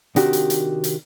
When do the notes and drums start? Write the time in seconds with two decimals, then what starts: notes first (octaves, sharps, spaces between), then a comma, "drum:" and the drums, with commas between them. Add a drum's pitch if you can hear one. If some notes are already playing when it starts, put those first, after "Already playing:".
0.16 C3 D#3 D4 D#4 F#4 G4, drum: hi-hat
0.33 drum: hi-hat
0.50 drum: hi-hat
0.84 drum: hi-hat